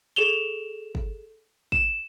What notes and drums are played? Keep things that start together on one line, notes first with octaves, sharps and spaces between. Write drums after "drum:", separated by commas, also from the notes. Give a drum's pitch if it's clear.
G#4 A4 E7 F7 G7
drum: kick
E7, drum: kick